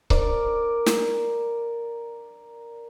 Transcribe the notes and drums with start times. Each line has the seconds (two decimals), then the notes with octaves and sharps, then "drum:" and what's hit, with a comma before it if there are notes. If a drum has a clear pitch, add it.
0.10 A#4 D5, drum: kick C#1
0.86 drum: snare